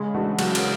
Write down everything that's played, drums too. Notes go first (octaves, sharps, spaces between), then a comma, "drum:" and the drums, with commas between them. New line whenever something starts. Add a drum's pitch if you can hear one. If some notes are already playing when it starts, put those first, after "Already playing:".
Already playing: C#3 G#3
E3 A3 D4 F#4
C#3 F#3, drum: cymbal
drum: cymbal